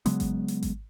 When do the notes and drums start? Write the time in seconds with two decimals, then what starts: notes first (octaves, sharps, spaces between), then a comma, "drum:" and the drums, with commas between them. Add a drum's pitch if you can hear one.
0.06 C#3 F#3 G#3 B3, drum: hi-hat
0.20 drum: kick G#1, hi-hat
0.48 drum: hi-hat
0.63 drum: kick G#1, hi-hat